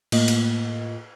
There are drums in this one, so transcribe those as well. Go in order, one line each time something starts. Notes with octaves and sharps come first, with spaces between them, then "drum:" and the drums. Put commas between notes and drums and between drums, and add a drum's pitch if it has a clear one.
A2 A#3 F4 D#5, drum: cymbal
drum: cymbal